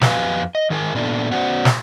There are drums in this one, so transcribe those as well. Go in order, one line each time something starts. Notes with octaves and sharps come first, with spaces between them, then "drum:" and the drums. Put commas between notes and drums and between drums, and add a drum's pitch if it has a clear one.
F2 B3 G4 B4 F5 G#5, drum: snare
D#5
D#3 G#4 A#4 G#5
A#2 B3 D4 E4 F4 A4
B3 C#4 F#4 C5 D5 F#5
drum: snare